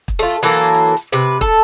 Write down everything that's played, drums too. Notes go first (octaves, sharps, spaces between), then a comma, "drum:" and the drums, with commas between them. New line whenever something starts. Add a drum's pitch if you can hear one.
drum: kick
A3 F4
drum: hi-hat
E3 F#3 A#3 A4
drum: hi-hat
drum: hi-hat
drum: hi-hat
C3 B4
A4, drum: kick